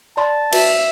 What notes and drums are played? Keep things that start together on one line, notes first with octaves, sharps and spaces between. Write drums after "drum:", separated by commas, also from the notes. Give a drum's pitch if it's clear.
D5 A5 B5 C6
F#4 B4 E5, drum: cymbal